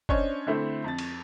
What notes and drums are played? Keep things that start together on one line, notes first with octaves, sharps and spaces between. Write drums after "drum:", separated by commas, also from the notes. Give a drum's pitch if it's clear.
C#4 D4 C5 C#5 D#5, drum: kick F#1
D3 A3 C4 E4
F2 A6
drum: cymbal